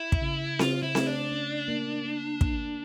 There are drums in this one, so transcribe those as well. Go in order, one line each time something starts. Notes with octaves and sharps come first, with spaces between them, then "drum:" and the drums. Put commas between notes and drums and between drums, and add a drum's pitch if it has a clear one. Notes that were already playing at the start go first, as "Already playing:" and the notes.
Already playing: E4
drum: kick
C#3
C#3 F4, drum: snare C4
E4
A3, drum: snare C4
D4
C#4
A#3
A#3
A#3, drum: kick